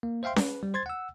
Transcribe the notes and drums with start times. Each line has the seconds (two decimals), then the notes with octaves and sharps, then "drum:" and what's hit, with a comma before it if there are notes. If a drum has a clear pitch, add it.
0.03 A#3
0.23 C5 E5 F5 G5 C6
0.36 B4, drum: snare C#4
0.63 G3
0.74 C5 C6 G#6 A6
0.86 F#5 E6